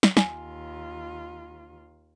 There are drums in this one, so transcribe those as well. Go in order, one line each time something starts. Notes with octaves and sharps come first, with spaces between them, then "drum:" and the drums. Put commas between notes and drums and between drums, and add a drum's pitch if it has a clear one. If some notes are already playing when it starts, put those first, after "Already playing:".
drum: snare
D#2 F4 G#5, drum: snare